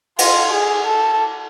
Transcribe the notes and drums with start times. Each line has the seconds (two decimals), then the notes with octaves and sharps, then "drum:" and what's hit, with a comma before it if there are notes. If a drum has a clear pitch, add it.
0.19 F4, drum: cymbal
0.53 G#4
0.87 A4